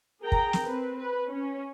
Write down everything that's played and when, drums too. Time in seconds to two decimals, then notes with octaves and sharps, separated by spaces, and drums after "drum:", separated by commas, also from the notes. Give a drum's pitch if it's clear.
0.22 G#4 A#4 G5 A#5
0.32 drum: kick
0.53 drum: snare
0.64 C4 B4
0.98 B4
1.28 C#4